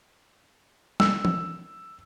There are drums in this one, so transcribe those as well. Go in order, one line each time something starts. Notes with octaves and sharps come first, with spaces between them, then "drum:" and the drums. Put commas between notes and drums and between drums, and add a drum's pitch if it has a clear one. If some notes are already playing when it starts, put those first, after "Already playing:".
E6, drum: snare G3
drum: tom E3